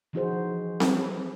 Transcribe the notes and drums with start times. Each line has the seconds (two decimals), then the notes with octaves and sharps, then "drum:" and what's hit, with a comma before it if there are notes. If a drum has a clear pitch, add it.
0.13 E3 F3 D#4 F#4 G#4 C5
0.80 drum: snare C4